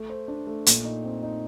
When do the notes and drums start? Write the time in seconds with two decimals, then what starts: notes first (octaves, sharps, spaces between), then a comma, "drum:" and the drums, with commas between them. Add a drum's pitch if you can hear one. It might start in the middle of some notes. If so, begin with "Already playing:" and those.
Already playing: A3
0.10 C5
0.28 D4
0.47 A3
0.66 A#2, drum: hi-hat
0.85 D#4
1.04 C4
1.23 D#4